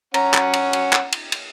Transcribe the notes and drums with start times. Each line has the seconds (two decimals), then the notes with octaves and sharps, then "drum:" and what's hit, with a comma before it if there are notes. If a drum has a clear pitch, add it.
0.14 C#4 F#5 A#5, drum: cymbal
0.34 drum: clap
0.53 drum: cymbal
0.73 drum: cymbal
0.93 drum: clap
1.12 drum: cymbal
1.32 drum: cymbal